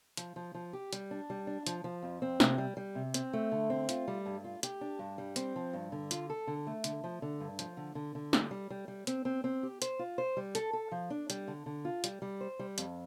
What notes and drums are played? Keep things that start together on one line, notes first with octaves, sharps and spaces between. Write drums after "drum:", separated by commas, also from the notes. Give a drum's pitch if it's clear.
F3, drum: hi-hat
F3
F3
G4
G3, drum: hi-hat
D4
G3
D4
F3, drum: hi-hat
F3
F2
C4
C3, drum: snare
G3
G3
C3
C4, drum: hi-hat
A3
D3
C4
F4, drum: hi-hat
G3
G2
F4
G4, drum: hi-hat
D4
G2
G3
C4, drum: hi-hat
F3
G2
D3
F4, drum: hi-hat
A4
D3
A3
D3, drum: hi-hat
F3
D3
G2
F3, drum: hi-hat
D3
D3
D3
G3, drum: snare
G3
G3
G3
C4, drum: hi-hat
C4
C4
G4
C5, drum: hi-hat
F4
C5
G3
A4, drum: hi-hat
A4
F3
D4
G3, drum: hi-hat
D3
D3
F4
G3, drum: hi-hat
G3
C5
G3
F2, drum: hi-hat